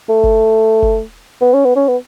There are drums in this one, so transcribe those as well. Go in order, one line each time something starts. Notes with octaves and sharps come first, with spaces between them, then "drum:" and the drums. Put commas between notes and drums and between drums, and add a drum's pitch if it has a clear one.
A3
drum: kick
drum: kick
B3
C#4
B3
C#4
B3